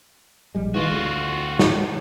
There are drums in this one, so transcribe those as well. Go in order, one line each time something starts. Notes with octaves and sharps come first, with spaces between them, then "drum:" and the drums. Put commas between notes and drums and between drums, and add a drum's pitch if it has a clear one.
A#1 G3 G#3
D#3 E3 G#3 F4 F#4
D2
drum: snare